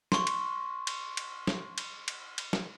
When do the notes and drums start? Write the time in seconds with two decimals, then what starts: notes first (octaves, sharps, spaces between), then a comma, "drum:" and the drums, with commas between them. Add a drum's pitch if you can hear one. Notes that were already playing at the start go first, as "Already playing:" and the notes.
0.12 C6 C#6, drum: snare
0.27 drum: cymbal
0.87 drum: cymbal
1.17 drum: cymbal
1.47 drum: snare
1.78 drum: cymbal
2.08 drum: cymbal
2.38 drum: cymbal
2.53 drum: snare